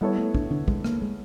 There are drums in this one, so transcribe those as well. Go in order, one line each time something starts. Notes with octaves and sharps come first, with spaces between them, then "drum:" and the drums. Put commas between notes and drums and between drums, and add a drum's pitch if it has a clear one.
G3 B3 E4 A4 C#5
A3
D4, drum: kick
D4, drum: tom D3
G#3, drum: kick
A#3, drum: rim click
G#3